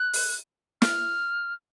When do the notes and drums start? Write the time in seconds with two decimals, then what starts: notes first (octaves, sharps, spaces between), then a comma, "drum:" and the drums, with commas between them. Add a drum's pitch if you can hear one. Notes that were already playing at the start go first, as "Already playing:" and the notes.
Already playing: F#6
0.13 drum: open hi-hat
0.82 F6, drum: snare